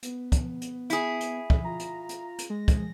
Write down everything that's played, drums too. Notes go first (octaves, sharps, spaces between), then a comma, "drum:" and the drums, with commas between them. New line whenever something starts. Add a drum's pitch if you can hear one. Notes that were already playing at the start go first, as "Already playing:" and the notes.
B3, drum: hi-hat
drum: kick, hi-hat
drum: hi-hat
E4 G#4, drum: hi-hat
drum: hi-hat
drum: kick
F4 A#5
drum: hi-hat
drum: hi-hat
drum: hi-hat
G#3 A#6
drum: kick, hi-hat